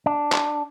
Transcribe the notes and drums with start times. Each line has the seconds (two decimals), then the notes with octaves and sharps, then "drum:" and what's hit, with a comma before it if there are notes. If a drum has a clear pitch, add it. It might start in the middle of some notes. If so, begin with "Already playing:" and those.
0.06 D4
0.32 drum: clap